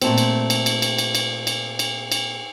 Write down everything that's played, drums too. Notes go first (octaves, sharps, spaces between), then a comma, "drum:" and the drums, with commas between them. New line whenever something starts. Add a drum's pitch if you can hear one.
A#2 A3 C4, drum: cymbal
drum: cymbal
drum: cymbal
drum: cymbal
drum: cymbal
drum: cymbal
drum: cymbal
drum: cymbal
drum: cymbal
drum: cymbal